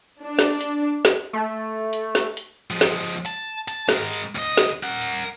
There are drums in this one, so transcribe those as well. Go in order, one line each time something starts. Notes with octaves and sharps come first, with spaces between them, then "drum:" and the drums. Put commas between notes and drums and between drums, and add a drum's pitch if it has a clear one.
D4
drum: snare
drum: hi-hat
drum: snare
A3
drum: hi-hat
drum: snare
drum: hi-hat
F3 G#3
drum: snare
A5, drum: hi-hat
A5, drum: hi-hat
G#3 A#4, drum: snare
drum: hi-hat
D2 D#5
drum: snare
A#4 F#5
drum: hi-hat